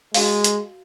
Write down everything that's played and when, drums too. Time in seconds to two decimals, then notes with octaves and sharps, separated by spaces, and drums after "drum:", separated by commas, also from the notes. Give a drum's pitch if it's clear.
0.14 G#3 F#4 F5, drum: open hi-hat
0.44 drum: hi-hat